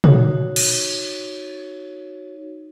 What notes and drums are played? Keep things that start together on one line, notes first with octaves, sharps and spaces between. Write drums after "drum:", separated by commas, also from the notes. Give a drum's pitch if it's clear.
D#4 F#4 C#5, drum: tom
drum: cymbal